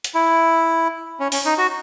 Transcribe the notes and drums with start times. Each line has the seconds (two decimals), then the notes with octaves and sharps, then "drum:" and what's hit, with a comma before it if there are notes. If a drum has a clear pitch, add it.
0.04 drum: hi-hat
0.15 E4
1.20 C#4
1.32 C#4, drum: open hi-hat
1.45 D#4
1.58 F#4